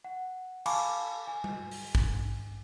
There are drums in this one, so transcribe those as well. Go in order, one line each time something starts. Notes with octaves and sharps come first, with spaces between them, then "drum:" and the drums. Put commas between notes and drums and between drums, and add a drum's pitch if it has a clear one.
F#5
F5 G#5 A5 B5 C#6 D6, drum: cymbal
G#5
drum: tom G3
drum: open hi-hat
drum: kick